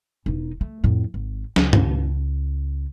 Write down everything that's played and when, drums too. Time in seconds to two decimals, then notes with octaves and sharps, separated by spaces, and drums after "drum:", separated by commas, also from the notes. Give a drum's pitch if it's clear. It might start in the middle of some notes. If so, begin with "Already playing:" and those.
0.26 E1 D#4
0.61 A3
0.84 F2 A2
1.14 G#1
1.56 C#2, drum: snare
1.73 drum: tom